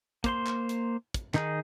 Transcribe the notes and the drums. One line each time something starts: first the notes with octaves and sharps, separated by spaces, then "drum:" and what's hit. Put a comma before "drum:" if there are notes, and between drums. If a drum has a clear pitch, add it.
A#3 C5 C6, drum: kick, hi-hat
drum: clap
drum: hi-hat
drum: kick, hi-hat
D#3 D#4 G#4, drum: clap